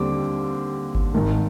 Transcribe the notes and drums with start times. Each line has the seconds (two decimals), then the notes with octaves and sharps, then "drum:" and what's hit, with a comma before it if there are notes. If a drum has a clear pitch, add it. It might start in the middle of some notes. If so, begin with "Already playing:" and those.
Already playing: D#2 D3 G3 C4 D6
0.95 drum: kick G1
1.14 G#1 G#2 D#3